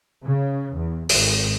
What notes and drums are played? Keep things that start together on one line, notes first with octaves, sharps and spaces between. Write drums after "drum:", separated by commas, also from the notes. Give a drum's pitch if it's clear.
C#3
E2
G#1, drum: open hi-hat